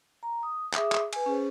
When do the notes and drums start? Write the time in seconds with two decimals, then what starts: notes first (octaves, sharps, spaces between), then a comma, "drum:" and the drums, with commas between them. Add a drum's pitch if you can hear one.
0.23 A#5
0.43 D#6
0.74 G#4 E5 D6 D#6, drum: clap
0.92 drum: clap
1.13 B4 G#5, drum: cymbal
1.26 C#4 G#4 C5